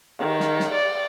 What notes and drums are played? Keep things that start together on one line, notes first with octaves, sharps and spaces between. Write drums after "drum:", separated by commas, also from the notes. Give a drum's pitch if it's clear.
D#3, drum: cymbal
drum: snare
drum: snare
D5